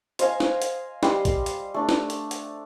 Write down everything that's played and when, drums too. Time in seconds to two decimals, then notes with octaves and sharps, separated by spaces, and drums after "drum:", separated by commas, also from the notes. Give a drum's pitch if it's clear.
0.19 C5 D#5 F5 G#5, drum: hi-hat
0.40 drum: snare
0.62 drum: hi-hat
1.03 G3 D#5 C6, drum: snare
1.25 drum: kick A#1, hi-hat
1.46 drum: hi-hat
1.74 A3 D4
1.89 drum: snare
2.10 drum: hi-hat
2.31 drum: hi-hat